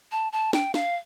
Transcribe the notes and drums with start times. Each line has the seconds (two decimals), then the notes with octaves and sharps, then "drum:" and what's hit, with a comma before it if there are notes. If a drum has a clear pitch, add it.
0.12 A5
0.33 A5
0.53 G5, drum: snare
0.74 F5, drum: snare